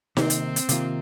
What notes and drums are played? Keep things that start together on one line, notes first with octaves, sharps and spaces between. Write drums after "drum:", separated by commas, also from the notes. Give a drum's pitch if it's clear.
C3 D#3 A#3 C4, drum: snare D#4
drum: hi-hat
drum: hi-hat
C3 D#3 A#3 F4, drum: hi-hat